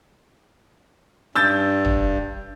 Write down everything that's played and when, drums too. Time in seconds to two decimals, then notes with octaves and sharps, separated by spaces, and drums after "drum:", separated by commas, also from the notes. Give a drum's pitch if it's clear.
1.35 G2 E6 G6 A6
1.85 drum: tom